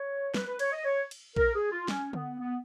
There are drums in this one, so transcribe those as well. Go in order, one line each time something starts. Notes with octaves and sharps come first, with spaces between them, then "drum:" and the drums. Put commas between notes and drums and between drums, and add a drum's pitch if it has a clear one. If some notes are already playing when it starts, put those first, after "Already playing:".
Already playing: C#5
B4, drum: snare
B4
C#5, drum: cymbal
D#5
C#5
drum: cymbal
A#4, drum: kick A#1
G#4
F4
C#4, drum: snare
B3, drum: tom D3
B3